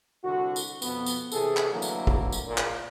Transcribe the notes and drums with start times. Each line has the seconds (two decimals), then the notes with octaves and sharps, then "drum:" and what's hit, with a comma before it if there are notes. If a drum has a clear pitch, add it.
0.23 C2 D3 F#4
0.56 drum: tambourine
0.82 F2 B2 B3, drum: tambourine
1.06 drum: tambourine
1.32 C3 E3 G#4 A4, drum: tambourine
1.57 drum: clap
1.71 D3 E3 F#3 A3 A#3
1.82 drum: tambourine
2.07 drum: kick
2.32 drum: tambourine
2.47 A#2
2.58 drum: clap